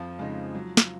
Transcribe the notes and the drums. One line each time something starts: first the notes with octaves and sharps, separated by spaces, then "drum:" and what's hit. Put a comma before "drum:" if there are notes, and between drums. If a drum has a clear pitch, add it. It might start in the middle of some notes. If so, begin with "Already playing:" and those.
Already playing: F2 F3
C#3 G#3 C4 D#4
F#3
drum: snare